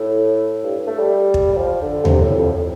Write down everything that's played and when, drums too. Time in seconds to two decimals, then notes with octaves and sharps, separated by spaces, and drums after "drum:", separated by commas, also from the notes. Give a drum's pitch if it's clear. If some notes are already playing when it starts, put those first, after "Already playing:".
Already playing: A2
0.63 G2
0.87 A3
0.99 G3
1.34 drum: kick
1.52 G3
1.57 F3
1.82 D3
2.05 C3, drum: tom D#2
2.21 A2
2.37 F2